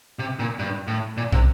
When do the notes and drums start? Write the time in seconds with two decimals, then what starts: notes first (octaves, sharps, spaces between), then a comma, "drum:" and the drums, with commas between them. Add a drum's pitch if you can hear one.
0.19 C3
0.39 A#2
0.59 G2
0.87 A2
1.17 A#2
1.32 C3, drum: kick